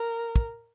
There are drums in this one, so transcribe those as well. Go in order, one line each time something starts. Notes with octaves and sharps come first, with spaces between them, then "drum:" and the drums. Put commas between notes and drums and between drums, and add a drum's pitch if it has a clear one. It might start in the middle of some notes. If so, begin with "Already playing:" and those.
Already playing: A#4
drum: kick